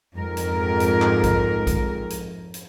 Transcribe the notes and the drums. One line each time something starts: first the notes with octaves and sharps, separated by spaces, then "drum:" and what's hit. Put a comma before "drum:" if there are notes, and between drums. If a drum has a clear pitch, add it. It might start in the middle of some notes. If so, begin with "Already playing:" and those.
F2 G#2 A#4
drum: hi-hat
drum: hi-hat
drum: clap
drum: kick A#1, hi-hat
drum: kick A#1, hi-hat
drum: hi-hat
drum: hi-hat